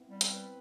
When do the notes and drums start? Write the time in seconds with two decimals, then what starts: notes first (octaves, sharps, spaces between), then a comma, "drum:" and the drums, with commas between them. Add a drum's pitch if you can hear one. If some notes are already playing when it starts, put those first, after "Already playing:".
Already playing: B3 C4 E4
0.10 G3
0.21 C4, drum: hi-hat
0.32 B4